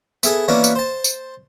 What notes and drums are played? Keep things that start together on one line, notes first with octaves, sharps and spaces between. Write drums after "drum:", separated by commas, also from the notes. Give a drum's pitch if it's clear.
B3 E4 G#4 A4, drum: tambourine
E3 A#3 B3 C#4 D4 F#4
drum: tambourine
C5 A5
drum: tambourine